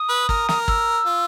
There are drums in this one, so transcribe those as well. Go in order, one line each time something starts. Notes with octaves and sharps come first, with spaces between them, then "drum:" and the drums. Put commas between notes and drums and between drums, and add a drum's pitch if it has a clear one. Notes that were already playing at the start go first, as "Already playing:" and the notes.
Already playing: D#6
B4
A#4, drum: kick
A#4, drum: snare
E6, drum: kick
F4